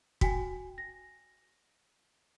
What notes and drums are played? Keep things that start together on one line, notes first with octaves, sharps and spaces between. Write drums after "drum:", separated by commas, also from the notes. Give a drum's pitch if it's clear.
F#4 G5 G#5, drum: kick
A#6